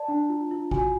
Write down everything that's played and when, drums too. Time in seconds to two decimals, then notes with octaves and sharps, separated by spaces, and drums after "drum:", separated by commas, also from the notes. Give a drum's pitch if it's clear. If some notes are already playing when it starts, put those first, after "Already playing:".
Already playing: D5 A5
0.08 D4
0.29 F4
0.51 F4
0.71 F#4 G#5, drum: kick